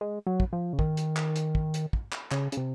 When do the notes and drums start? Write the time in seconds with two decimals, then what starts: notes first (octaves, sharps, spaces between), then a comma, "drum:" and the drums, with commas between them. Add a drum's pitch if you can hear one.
0.01 G#3
0.27 F#3
0.40 drum: kick
0.53 F3
0.73 C#3
0.79 D#3, drum: kick
0.97 drum: hi-hat
1.17 drum: clap
1.36 drum: hi-hat
1.55 drum: kick
1.74 drum: hi-hat
1.93 drum: kick
2.12 drum: clap
2.31 C#3, drum: clap
2.52 C#3, drum: hi-hat
2.57 C3